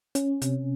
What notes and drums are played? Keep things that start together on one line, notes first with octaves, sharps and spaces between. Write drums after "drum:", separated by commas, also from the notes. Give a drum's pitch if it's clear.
C#4, drum: hi-hat
C3, drum: hi-hat